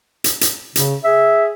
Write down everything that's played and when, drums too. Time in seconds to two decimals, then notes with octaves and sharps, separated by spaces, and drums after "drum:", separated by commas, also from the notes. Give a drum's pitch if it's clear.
0.24 drum: hi-hat
0.41 drum: hi-hat
0.76 C#3, drum: hi-hat
1.04 G#4 E5